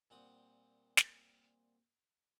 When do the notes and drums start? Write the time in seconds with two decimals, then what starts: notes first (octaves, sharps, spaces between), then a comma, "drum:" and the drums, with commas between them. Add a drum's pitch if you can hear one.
0.10 A#2 G3 C4 F#5 D#6
0.97 drum: snare